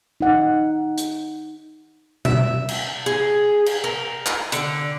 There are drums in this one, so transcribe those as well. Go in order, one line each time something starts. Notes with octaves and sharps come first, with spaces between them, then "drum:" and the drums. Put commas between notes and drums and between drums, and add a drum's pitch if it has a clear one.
D#4 F#5
drum: hi-hat
E5, drum: tom B2
drum: cymbal
G#4
drum: cymbal
A#4
drum: clap
D3, drum: hi-hat